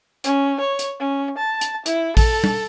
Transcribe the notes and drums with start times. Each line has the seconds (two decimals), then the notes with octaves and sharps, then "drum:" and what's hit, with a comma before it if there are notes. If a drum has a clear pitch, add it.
0.24 C#4, drum: hi-hat
0.60 C#5
0.79 drum: hi-hat
1.00 C#4
1.38 A5
1.61 drum: hi-hat
1.86 E4, drum: hi-hat
2.17 A4, drum: kick A1, open hi-hat
2.44 drum: tom